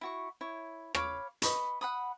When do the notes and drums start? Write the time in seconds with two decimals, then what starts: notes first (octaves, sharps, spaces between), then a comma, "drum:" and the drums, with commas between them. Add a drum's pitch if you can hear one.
0.01 E4 F#4 C#6
0.41 E4 C#5
0.95 C#5 F5 B5 D6, drum: rim click
1.42 B4 D#5 B5 C#6, drum: hi-hat
1.81 F#5 B5 D#6